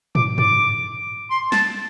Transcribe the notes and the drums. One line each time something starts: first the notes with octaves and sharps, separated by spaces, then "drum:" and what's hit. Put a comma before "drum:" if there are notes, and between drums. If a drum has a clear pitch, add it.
D6, drum: tom
D6, drum: tom G2
C6
A5, drum: snare